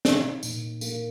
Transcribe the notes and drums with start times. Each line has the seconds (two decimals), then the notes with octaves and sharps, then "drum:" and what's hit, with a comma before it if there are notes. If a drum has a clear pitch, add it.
0.05 D#4, drum: snare
0.43 A#2, drum: tambourine
0.81 A#3, drum: tambourine